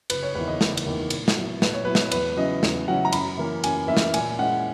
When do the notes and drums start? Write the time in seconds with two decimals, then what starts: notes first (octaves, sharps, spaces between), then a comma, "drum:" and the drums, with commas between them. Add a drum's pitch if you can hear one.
0.10 F#1 B4, drum: cymbal
0.22 C#5
0.35 E2 D#3 A#3 E4 B4
0.47 D#5
0.61 F#1, drum: snare
0.77 drum: cymbal
0.86 E2 D#3 A#3 E4
1.10 A#2, drum: cymbal
1.28 drum: snare
1.37 F#3 B3 E4
1.62 A#2 B4, drum: snare
1.73 C#5
1.85 F#3 B3 E4 B4
1.95 drum: snare
2.12 E2 B4, drum: cymbal
2.37 C#3 F#3 C#4 E4 D#5
2.63 E2, drum: snare
2.87 C#3 F#3 C#4 E4 F#5
3.05 A#5
3.12 F#2 B5, drum: cymbal
3.38 E3 A#3 C#4 E4
3.64 F#2 G#5, drum: cymbal
3.88 E3 A#3 C#4 E4 E5
3.97 drum: snare
4.14 A#2 G#5, drum: cymbal
4.39 G#3 C#4 E4 F#5